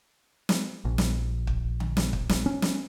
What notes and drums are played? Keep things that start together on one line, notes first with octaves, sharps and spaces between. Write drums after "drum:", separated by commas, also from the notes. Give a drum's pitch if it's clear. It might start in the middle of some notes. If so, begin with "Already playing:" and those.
drum: snare
A#1
drum: snare
drum: kick
drum: tom D3
drum: snare
drum: kick
drum: snare
C#4
drum: snare